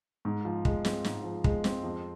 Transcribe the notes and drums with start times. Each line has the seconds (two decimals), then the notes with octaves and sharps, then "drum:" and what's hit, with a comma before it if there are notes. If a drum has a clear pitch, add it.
0.25 G#2
0.45 F3
0.65 G#3, drum: kick
0.85 C4, drum: snare
1.04 G#2, drum: snare
1.24 F3
1.44 G#3, drum: kick
1.64 C4, drum: snare
1.84 F2